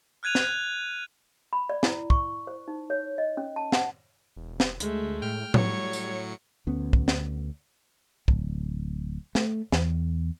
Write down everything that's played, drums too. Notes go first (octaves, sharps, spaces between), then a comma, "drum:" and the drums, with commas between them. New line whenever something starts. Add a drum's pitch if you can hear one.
F6 F#6 G#6 D#7 F7
drum: snare
B5
D5
E4, drum: snare
C#6, drum: kick
C5
D#4
C#5
D#5
C#4
A5
F#5, drum: snare
E1
drum: snare
D2 G#3 A3, drum: hi-hat
A2 G5 F6
A2 F#3 G3 C#5 C#7, drum: tom A2
drum: tambourine
D2 B3 C#4
drum: kick
drum: snare
D1, drum: kick
A3, drum: snare
E2, drum: snare